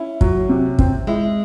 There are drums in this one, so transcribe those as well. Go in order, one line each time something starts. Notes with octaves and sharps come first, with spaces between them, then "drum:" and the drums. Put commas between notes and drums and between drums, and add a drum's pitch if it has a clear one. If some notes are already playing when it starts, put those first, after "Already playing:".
Already playing: C#4 E4
F#3, drum: kick
C3
C4, drum: kick
G#3 E4